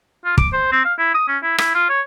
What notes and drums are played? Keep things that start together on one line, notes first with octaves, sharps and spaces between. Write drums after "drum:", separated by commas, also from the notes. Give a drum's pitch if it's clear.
F4
D6, drum: kick
C5
C4
F5
E4
D#6
C#4
E4
E4, drum: rim click
F4
C#5